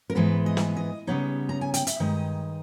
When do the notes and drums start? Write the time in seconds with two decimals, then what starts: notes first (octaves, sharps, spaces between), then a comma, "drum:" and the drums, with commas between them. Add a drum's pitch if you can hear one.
0.10 A#4
0.15 G#2 E3 G#3 B3 B4
0.46 D#5
0.57 drum: snare
0.77 D#5
1.07 C#3 G3 B3 D#4 C#5
1.49 A#5
1.61 G#5
1.74 G5, drum: hi-hat
1.87 E5, drum: hi-hat
2.00 G2 D#3 G#3 D#4 D#5